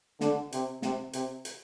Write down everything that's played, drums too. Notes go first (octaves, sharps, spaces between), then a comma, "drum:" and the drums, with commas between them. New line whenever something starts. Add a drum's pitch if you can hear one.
D3, drum: snare
C3, drum: hi-hat
C3, drum: snare
C3, drum: hi-hat
drum: hi-hat